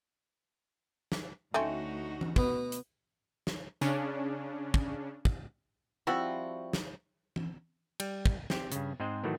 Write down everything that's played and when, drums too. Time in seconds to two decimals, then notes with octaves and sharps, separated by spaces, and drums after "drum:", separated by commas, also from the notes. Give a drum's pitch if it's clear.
1.12 drum: snare
1.54 D2 A3 C4 C#4 D#4 F#4
2.21 drum: tom E3
2.36 B2 B3, drum: kick
2.72 drum: hi-hat
3.47 drum: snare
3.81 C#3 C#4 D4, drum: tambourine
4.74 drum: kick
5.25 drum: kick
6.07 F3 G3 C4 E4 F#4
6.73 drum: snare
7.36 drum: tom E3
8.00 G3, drum: cymbal
8.26 drum: kick
8.50 C4 G4, drum: snare
8.72 G2 C#3, drum: hi-hat
9.00 G#2 G#3 C4 C5 D#5
9.24 A2 D#3 E3 F#3 A3 F#4